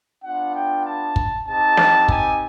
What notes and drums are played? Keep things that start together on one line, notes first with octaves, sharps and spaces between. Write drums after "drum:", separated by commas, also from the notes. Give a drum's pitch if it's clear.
B3 D4 F4 F#5
G5
A5
drum: kick
C4 D#4 G4 A5
drum: snare
G#5, drum: kick